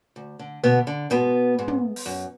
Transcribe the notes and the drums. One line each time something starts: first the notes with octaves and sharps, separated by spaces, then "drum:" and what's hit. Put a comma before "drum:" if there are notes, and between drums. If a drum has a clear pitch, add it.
D2
D3
D2 B2 B3
D3
G#2 B2 B3
G#2
drum: tom
drum: open hi-hat
F#2